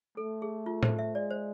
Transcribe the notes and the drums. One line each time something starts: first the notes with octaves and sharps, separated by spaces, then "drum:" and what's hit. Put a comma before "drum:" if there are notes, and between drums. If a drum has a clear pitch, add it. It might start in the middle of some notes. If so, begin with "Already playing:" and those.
A3 A4
G#4
F4
C5, drum: tom A2
E5
G#3 D5
C5